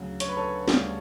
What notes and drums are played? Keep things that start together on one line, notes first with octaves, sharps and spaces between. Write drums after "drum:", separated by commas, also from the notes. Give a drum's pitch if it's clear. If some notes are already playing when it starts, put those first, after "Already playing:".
Already playing: D2 C#3 F#3
C#5, drum: hi-hat
B4
A4 C#5
D2 C#3 G3, drum: snare